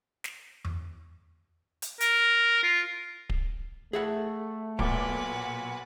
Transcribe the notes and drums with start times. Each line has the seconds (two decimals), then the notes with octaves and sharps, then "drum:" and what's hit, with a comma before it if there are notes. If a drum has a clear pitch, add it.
0.24 drum: snare
0.65 drum: tom E2
1.82 drum: hi-hat
2.00 A#4, drum: hi-hat
2.63 F4
3.30 drum: kick D1
3.93 A3 G#4 E5 F#5
4.79 B1 A#2 F#4 B4 D6, drum: kick D1